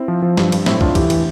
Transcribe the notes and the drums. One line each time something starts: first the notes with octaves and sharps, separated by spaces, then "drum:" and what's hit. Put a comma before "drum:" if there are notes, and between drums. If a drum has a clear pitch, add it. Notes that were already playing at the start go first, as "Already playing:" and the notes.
Already playing: C4 E4
F3
F3
G2, drum: snare
G2, drum: cymbal
A2 C4 E4, drum: snare
A2 D4 F4, drum: kick
E3 E4 G4, drum: kick, cymbal
E3, drum: cymbal